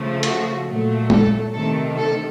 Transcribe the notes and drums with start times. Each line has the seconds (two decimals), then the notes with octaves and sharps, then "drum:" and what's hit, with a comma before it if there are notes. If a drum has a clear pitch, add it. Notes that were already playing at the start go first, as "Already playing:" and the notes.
Already playing: C#3 F3 A3
0.23 F#4, drum: hi-hat
0.67 A#2 F#3 A3
1.10 A4, drum: tom G#3
1.53 C3 D#3 A3 A4
1.97 A4